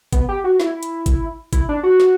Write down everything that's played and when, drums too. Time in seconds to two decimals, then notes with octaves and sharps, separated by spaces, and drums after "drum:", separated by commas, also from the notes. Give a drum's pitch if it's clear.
0.13 B3, drum: kick G#1, hi-hat
0.29 G4
0.44 F#4
0.60 E4, drum: snare
0.83 drum: hi-hat
1.06 drum: kick G#1, hi-hat
1.53 E4, drum: kick G#1, hi-hat
1.69 D4
1.83 F#4
2.00 drum: snare